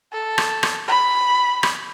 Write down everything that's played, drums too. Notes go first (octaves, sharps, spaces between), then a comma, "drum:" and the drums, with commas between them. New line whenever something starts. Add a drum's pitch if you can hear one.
A4
drum: rim click
drum: rim click
B5
drum: rim click